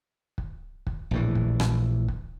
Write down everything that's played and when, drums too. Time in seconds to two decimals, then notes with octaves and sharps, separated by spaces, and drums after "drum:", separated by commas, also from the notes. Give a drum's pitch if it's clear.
0.38 drum: kick
0.87 drum: kick
1.11 A#1 A2 E3
1.35 drum: kick
1.60 drum: rim click
2.08 drum: kick